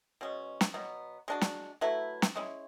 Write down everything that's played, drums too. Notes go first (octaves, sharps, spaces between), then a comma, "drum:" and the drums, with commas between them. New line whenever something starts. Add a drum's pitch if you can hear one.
B2 G#3 C#4
drum: snare
B2 F#3 B3
G#3 D4 F#4
drum: snare
F#3 A3 E4 B4
drum: snare
G#3 C#4 E4